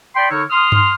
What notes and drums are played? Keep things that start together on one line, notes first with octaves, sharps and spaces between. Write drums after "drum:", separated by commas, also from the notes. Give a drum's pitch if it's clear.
D5 G5 B5 C6
D3 D#4 A#4 C#5 C#6 E6
C6 D#6 F6
drum: tom G2